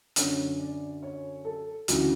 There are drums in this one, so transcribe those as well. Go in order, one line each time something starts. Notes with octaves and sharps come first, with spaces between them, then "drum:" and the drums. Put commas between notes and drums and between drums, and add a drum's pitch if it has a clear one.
F#2 D3 C#5, drum: hi-hat
D5
C#5
A4
D2 C#3 E3 F#4, drum: hi-hat